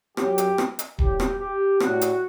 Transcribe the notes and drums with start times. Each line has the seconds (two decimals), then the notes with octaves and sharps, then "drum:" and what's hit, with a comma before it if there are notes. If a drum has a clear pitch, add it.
0.17 F#2 F#3 G4, drum: rim click
0.38 drum: hi-hat
0.58 drum: rim click
0.79 drum: hi-hat
0.99 A2 G3 G4, drum: kick D#1
1.20 drum: rim click
1.39 G4
1.80 A2 G3 F#4, drum: rim click
2.01 drum: hi-hat